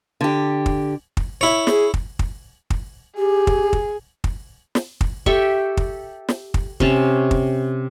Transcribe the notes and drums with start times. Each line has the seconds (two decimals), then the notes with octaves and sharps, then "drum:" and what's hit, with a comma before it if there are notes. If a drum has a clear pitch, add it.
0.21 D3 G4
0.66 drum: kick
1.17 drum: kick
1.41 E4 C#5
1.67 G#4, drum: snare
1.94 drum: kick
2.19 drum: kick
2.70 drum: kick
3.18 G4 G#4
3.47 drum: kick
3.73 drum: kick
4.24 drum: kick
4.75 drum: snare
5.01 drum: kick
5.26 G4 A4 E5 C#6, drum: kick
5.77 drum: kick
6.29 drum: snare
6.54 drum: kick
6.80 C3 C#4 A5, drum: kick
7.31 drum: kick